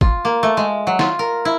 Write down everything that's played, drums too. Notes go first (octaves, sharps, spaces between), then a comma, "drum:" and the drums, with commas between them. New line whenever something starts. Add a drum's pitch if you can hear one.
F4, drum: kick
A#3
A3
G#3
F#3
F4, drum: snare
A#4
E4